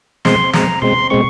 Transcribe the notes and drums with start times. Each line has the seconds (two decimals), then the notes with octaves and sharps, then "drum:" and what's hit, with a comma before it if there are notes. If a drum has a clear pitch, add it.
0.25 B2 G#3 C4 C6, drum: snare
0.53 B2 G#3 C4 A#5, drum: snare
0.82 B2 G#3 C4 C6
1.10 B2 G#3 C4 C#6